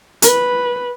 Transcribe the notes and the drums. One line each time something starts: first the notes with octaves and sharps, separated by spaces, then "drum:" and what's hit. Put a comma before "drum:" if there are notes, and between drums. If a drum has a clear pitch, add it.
B4, drum: hi-hat